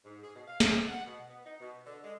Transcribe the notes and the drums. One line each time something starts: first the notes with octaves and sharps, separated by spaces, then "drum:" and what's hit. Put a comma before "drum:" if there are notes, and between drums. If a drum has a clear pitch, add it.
G#2
G#4
B2
F5
drum: snare
G#3
F#5
B2
B3
D#4
B2
D3
G#3